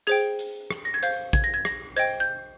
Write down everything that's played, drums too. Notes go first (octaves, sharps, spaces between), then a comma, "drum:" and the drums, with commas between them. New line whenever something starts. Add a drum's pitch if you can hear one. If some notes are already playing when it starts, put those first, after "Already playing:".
G#4 C5 G5 G#6, drum: hi-hat
drum: hi-hat
drum: rim click
A#6
G#6
C5 F5 G6, drum: hi-hat
G#6, drum: kick, hi-hat
A#6
G#6
A#6, drum: rim click
C5 D#5 G5 G#6, drum: hi-hat
G6